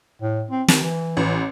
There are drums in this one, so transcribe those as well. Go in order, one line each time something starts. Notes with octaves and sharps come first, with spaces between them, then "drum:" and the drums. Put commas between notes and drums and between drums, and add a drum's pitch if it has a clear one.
A2
C4
D#3, drum: snare
E3
A1